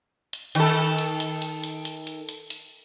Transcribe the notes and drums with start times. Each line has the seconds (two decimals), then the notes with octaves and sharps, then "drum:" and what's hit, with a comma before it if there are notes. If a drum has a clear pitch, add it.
0.33 drum: hi-hat
0.55 D#3 A4, drum: hi-hat
0.98 drum: hi-hat
1.20 drum: hi-hat
1.42 drum: hi-hat
1.64 drum: hi-hat
1.85 drum: hi-hat
2.07 drum: hi-hat
2.29 drum: hi-hat
2.50 drum: hi-hat